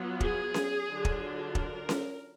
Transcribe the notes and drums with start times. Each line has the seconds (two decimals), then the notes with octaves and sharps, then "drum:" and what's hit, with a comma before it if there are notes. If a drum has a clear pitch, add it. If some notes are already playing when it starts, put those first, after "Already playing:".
Already playing: F#3 B3 F4
0.20 G#4, drum: kick
0.54 drum: snare C#4
0.87 D3 F#3 D4 F4
1.05 drum: kick
1.55 A#4, drum: kick
1.89 drum: snare C#4